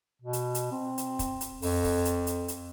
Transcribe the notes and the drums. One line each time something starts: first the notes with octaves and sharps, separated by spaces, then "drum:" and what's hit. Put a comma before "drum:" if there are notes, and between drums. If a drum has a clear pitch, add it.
B2
drum: hi-hat
drum: hi-hat
C4
drum: hi-hat
drum: kick, hi-hat
drum: hi-hat
F2, drum: open hi-hat
drum: kick, open hi-hat
drum: hi-hat
drum: hi-hat
drum: hi-hat